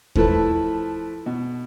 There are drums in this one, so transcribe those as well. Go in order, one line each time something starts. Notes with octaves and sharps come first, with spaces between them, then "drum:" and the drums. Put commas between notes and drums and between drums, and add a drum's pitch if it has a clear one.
F3 A3 E4 B4, drum: kick D#2
B2